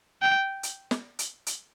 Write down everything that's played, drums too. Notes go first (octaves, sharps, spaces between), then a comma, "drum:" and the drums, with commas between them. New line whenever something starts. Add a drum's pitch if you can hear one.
G5
drum: hi-hat
drum: snare
drum: hi-hat
drum: hi-hat